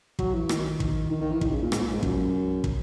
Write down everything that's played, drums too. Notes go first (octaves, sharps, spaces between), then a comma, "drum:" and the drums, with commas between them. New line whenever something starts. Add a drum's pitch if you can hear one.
F#3, drum: kick
E3
D#3, drum: rim click
drum: kick
D#3
D#3
E3
D#3, drum: kick
C#3
A#2
G#2, drum: rim click
A#2
G#2
F#2, drum: kick
drum: kick